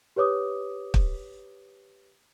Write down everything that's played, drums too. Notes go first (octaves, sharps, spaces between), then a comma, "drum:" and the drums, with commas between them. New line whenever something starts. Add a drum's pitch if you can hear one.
G4 B4 C#5 D6 D#6
drum: kick